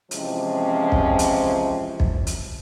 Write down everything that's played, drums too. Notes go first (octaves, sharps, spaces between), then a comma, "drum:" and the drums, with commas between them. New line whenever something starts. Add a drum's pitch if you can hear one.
C3 E3 F3 G#3 C4 C#4, drum: hi-hat
drum: kick
drum: hi-hat
drum: kick
drum: hi-hat